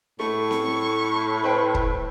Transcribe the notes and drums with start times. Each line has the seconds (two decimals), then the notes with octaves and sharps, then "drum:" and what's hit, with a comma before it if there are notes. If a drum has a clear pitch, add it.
0.20 A2 A3 C#6
0.51 drum: snare C4
1.44 B4 C5 G5
1.74 drum: kick